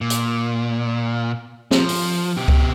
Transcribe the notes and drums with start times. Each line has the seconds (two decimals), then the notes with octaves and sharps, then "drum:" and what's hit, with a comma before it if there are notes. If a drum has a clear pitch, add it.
0.01 A#2
0.10 drum: hi-hat
1.71 F3, drum: snare
1.89 drum: open hi-hat
2.37 B2 G4
2.48 drum: kick C#2